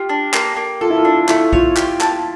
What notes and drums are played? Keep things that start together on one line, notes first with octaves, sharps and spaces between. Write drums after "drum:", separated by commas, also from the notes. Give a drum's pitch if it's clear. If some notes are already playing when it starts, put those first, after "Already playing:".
Already playing: F4 G4
D4
A#3, drum: clap
A#3
F4 A4
E4
F4
D4
A3 E4, drum: clap
F4 C#5, drum: kick A#1
G4, drum: clap
A5, drum: clap